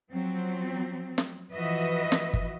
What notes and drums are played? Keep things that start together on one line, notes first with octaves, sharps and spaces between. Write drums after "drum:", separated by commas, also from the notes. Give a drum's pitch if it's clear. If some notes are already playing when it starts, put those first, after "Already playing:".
F3 F#3 C4
drum: snare
E3 F3 F#4 B4 D#5 E5
drum: snare
drum: kick G1